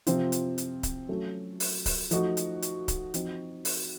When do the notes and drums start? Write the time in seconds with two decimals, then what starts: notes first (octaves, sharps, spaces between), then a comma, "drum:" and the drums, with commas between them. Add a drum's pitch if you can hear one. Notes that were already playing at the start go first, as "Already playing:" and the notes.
0.07 C3 F3 C4 F4, drum: hi-hat
0.32 drum: hi-hat
0.58 drum: hi-hat
0.83 drum: kick C#1, hi-hat
1.09 F#3 A3 C#4 F#4
1.60 drum: open hi-hat
1.86 drum: kick C#1, open hi-hat
2.11 F3 A3 D#4 F#4, drum: hi-hat
2.37 drum: hi-hat
2.62 drum: hi-hat
2.88 drum: kick C#1, hi-hat
3.14 F3 C4 D#4 F#4, drum: hi-hat
3.65 drum: open hi-hat